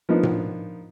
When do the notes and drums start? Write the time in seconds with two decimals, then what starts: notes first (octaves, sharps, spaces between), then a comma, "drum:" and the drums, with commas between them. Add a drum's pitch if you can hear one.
0.09 F3 A#3 B3 D4 D#4
0.23 drum: tom A2